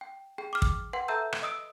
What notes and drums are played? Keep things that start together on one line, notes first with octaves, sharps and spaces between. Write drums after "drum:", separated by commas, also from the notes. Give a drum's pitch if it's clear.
G5
G#4 G5
D6 F6
drum: kick
B4 F#5 G5 C6
A4 E5 A5 A#5 E6 G6
drum: rim click
D#5 D#6 E6 D7